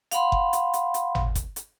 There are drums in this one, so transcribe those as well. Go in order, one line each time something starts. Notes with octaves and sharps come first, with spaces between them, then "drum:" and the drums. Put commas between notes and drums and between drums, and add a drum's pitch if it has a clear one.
F5 F#5 B5 C6, drum: hi-hat
drum: kick F#1
drum: hi-hat
drum: hi-hat
drum: hi-hat
drum: tom G#1
drum: kick F#1, hi-hat
drum: hi-hat